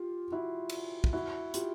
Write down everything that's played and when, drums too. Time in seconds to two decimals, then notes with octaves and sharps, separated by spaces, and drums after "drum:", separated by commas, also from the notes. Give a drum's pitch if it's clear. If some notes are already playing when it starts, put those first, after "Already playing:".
Already playing: F4 G4
0.32 E4 F#4
0.69 drum: cymbal
1.04 drum: kick
1.13 E4 F#4
1.54 F4 G4, drum: hi-hat